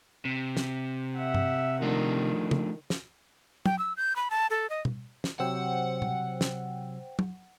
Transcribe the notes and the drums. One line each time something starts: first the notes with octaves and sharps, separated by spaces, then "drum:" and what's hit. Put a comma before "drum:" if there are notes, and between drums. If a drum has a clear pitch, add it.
C3
drum: snare
E5 F#5
drum: tom G2
D#3 F3 A3 D4
drum: tom
drum: snare
G5, drum: tom
E6
G6
B5
A5
A4
D#5
drum: tom B2
drum: snare
C3 F#3 C5 F#5 G5 E6
drum: tom B2
drum: snare
drum: tom